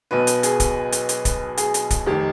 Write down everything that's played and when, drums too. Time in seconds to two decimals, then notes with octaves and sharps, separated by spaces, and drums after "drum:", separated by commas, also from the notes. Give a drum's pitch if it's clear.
0.11 B1 B2 B4
0.27 drum: hi-hat
0.43 G#4, drum: hi-hat
0.60 drum: kick D1, hi-hat
0.92 drum: hi-hat
1.09 drum: hi-hat
1.25 drum: kick D1, hi-hat
1.57 G#4, drum: hi-hat
1.74 drum: hi-hat
1.90 drum: kick D1, hi-hat
2.06 F1 D#3 G4